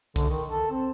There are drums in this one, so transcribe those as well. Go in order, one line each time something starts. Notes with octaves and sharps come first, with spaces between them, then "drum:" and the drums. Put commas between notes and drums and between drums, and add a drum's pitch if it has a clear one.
D3, drum: kick, hi-hat
D#3
A4
C4